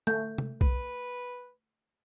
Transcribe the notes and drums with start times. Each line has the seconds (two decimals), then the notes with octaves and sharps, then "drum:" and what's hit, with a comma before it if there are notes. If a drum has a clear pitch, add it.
0.07 A3 G6
0.38 drum: tom C3
0.61 B4, drum: kick B1